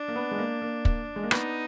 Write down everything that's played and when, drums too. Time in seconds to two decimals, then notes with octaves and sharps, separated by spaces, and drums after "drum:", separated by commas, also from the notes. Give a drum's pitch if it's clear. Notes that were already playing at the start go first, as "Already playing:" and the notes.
Already playing: D4
0.08 A#3
0.15 B3
0.31 G#3
0.38 A#3
0.62 A#3
0.85 drum: kick
1.16 G#3
1.23 A#3
1.31 B3 D#4, drum: rim click